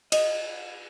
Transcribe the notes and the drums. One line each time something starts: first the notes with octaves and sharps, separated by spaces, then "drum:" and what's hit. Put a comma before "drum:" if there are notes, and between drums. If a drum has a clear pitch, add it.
D#5, drum: cymbal